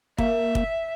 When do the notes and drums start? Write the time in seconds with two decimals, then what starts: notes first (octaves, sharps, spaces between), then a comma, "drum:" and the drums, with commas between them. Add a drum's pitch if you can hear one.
0.18 A#3 E5, drum: kick
0.55 drum: kick